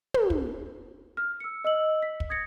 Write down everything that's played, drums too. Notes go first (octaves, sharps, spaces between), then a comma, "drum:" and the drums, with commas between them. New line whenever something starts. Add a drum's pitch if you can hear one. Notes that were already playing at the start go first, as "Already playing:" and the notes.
drum: tom
drum: kick
F6
E6 C#7
D#5 E6 F#7
B6
drum: kick
D#6 G#6 A#6 C#7